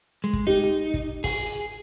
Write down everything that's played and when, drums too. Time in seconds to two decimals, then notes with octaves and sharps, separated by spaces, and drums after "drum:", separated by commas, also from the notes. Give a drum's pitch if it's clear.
0.24 G#3
0.33 drum: kick
0.47 D#4 G4
0.64 drum: hi-hat
0.94 drum: kick
1.24 G#4, drum: kick, open hi-hat